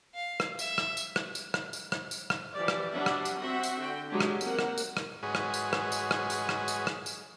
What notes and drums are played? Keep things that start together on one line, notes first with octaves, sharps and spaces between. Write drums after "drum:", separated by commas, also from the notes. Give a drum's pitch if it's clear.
F5
drum: rim click
E5, drum: tambourine
drum: rim click
drum: tambourine
drum: rim click
drum: tambourine
drum: rim click
drum: tambourine
drum: rim click
drum: tambourine
drum: rim click
E3 F3 G4 D5
drum: rim click
F#3 G3 D4 E5 F#5
drum: rim click
drum: tambourine
C4 F#4 E5 F#5
drum: tambourine
D3 F#4 G5
F#3 G#3 D4 G4
drum: rim click
A#3 C4 A#4 F#5, drum: tambourine
drum: rim click
drum: tambourine
drum: rim click
G#2 F#4 G#4 B4 C#5 D#5
drum: rim click
drum: tambourine
drum: rim click
drum: tambourine
drum: rim click
drum: tambourine
drum: rim click
drum: tambourine
drum: rim click
drum: tambourine